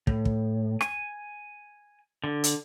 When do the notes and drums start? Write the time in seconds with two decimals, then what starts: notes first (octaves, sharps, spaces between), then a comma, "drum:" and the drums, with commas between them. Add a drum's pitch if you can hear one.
0.07 A2, drum: kick
0.25 drum: kick
0.81 G#5, drum: rim click
2.24 D3
2.44 drum: hi-hat